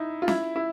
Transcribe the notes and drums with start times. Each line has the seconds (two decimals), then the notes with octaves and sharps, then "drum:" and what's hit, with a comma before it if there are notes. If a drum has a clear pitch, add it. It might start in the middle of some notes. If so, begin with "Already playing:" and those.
Already playing: D#4 E4
0.22 F4
0.28 E4, drum: snare
0.56 E4